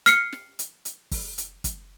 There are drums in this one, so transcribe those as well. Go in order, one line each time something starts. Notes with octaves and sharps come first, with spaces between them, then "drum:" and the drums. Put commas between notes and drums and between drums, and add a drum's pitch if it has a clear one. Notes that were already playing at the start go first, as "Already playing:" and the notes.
F6 C7 C#7, drum: hi-hat
drum: snare
drum: hi-hat
drum: hi-hat
drum: kick, open hi-hat
drum: hi-hat
drum: kick, hi-hat